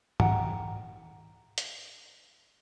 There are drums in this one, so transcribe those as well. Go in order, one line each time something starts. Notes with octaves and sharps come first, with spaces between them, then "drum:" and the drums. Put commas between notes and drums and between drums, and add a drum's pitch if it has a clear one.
E4 F#5 G5 A#5, drum: tom
drum: hi-hat